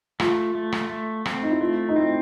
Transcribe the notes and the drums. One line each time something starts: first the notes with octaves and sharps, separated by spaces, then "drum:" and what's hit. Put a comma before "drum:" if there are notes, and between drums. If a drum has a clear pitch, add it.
A3 F4, drum: rim click
A3
drum: rim click
A3
C4, drum: rim click
D#4
E4
A3 F4
D#4
C4 E4